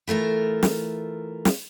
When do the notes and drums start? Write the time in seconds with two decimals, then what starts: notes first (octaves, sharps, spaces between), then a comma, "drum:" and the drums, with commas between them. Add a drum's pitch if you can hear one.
0.07 E3 A3 F4 A#4
0.63 drum: snare
1.45 drum: snare